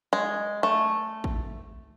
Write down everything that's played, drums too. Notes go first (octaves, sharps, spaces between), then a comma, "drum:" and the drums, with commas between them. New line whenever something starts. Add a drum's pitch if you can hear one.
G#3
A3
drum: kick